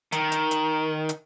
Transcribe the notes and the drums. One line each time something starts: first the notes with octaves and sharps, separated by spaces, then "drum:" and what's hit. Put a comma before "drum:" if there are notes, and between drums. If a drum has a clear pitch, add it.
D#3, drum: hi-hat
drum: hi-hat
drum: hi-hat
drum: hi-hat